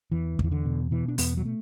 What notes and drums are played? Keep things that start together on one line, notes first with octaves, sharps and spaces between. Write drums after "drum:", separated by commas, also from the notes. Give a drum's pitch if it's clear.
E2 E3
E2, drum: kick
E3
D3
B2
B2 E3
D4
E2 B3, drum: open hi-hat
F#3
A3